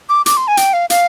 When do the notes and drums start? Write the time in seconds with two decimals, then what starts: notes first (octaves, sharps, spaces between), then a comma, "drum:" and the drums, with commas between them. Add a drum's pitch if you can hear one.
0.09 D6
0.26 D6, drum: hi-hat
0.37 C6
0.48 G#5
0.57 G5, drum: hi-hat
0.73 F5
0.90 F5, drum: hi-hat